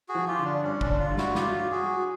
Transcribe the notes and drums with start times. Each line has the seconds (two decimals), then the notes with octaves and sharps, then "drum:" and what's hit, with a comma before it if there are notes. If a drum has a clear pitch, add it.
0.09 F#4 G#4
0.15 F3
0.28 F4 G4
0.39 D3
0.45 D4
0.63 G2 C#4
0.81 D4, drum: kick
0.87 D3
0.99 F4
1.11 G2
1.18 E4 F#4, drum: snare
1.35 F#3 F4 G4, drum: snare
1.59 F#3
1.71 F#4 G#4
1.83 F#3